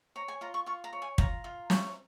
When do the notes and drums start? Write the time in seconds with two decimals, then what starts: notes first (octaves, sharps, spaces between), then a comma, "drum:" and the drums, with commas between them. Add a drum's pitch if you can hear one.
0.16 C#5 A#5
0.28 G#5
0.41 F4 A#5
0.54 C#6
0.66 F4 C#6
0.84 A#5
0.93 C#5
1.02 G#5
1.18 F4 A#5, drum: kick
1.44 F4
1.70 C#5, drum: snare